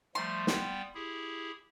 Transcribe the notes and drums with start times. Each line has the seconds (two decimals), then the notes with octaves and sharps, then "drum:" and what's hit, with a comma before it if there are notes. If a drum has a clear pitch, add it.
0.15 F3 G3 A3 C6
0.47 G3 B3 G5, drum: snare
0.95 E4 G4 G#4